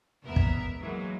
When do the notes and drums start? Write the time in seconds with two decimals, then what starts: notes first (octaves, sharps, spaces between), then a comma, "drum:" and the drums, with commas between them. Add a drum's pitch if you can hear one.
0.23 E2 G#2 B3 A#4 E5
0.36 drum: kick
0.82 D#3 E3 F#3 G#3 A#3